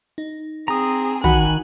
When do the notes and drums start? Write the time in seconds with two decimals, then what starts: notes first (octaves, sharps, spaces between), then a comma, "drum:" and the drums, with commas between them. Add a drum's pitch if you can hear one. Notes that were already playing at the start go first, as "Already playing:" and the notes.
0.18 D#4
0.68 C4 G#4 A#5 D#6
1.24 D#3 F#4 F#5 G#5 B5 F#6, drum: tom